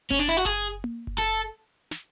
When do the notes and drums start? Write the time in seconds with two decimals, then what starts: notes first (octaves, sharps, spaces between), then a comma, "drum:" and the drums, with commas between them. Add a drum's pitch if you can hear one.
0.11 C#4, drum: kick F#1
0.19 D4
0.29 E4
0.37 F#4
0.45 G#4, drum: kick F#1
0.84 drum: tom A#3
1.07 drum: kick F#1
1.18 A4
1.91 drum: snare